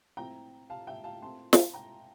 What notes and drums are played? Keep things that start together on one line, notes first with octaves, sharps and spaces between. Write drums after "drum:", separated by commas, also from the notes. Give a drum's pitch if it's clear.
A2 F3 A3 C4 G5 A#5
F5 A5
E5 G5
F5 A5
A#2 A3 C4 A5 C6
drum: snare
G5 A#5